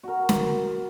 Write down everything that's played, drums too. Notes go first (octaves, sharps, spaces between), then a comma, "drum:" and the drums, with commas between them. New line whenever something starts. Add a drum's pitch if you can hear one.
F#4 A#4
drum: snare